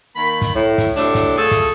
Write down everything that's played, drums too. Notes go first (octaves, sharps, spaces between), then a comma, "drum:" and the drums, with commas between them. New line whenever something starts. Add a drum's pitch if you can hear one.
D#3 A#3 B5
drum: kick, hi-hat
A2
drum: kick, hi-hat
A2 C3 F#3 A3 D4, drum: hi-hat
drum: kick, hi-hat
A3 F4 G#4 A4
drum: kick, hi-hat